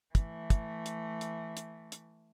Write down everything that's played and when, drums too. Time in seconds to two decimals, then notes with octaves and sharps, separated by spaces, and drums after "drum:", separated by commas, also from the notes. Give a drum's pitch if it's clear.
0.15 E3 A3, drum: kick, hi-hat
0.50 drum: kick, hi-hat
0.86 drum: hi-hat
1.21 drum: hi-hat
1.57 drum: hi-hat
1.92 drum: hi-hat